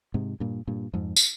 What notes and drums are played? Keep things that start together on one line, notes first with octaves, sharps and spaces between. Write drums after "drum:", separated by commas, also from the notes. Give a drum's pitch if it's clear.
G#2 C3
G2 A#2
G2 A#2
F2 G#2
drum: tambourine